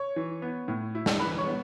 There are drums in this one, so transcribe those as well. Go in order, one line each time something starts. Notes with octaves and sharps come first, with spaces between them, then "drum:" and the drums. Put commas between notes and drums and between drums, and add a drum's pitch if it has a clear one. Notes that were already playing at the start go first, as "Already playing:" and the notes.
Already playing: C#5 C#6
E3
B3
A2
E4
drum: snare
E3 B4 B5
C#5 C#6
B3